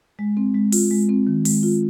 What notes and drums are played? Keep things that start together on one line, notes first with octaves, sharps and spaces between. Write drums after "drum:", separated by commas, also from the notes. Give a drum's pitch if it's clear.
G#3
C4
G#3
F4, drum: open hi-hat
G#3
C4
D#3
G#3, drum: open hi-hat
F4